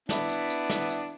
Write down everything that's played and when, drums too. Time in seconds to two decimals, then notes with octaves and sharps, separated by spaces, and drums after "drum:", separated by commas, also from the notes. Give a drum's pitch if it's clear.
0.09 B3 D4 E4, drum: snare
0.29 drum: hi-hat
0.49 drum: hi-hat
0.70 drum: snare
0.90 drum: hi-hat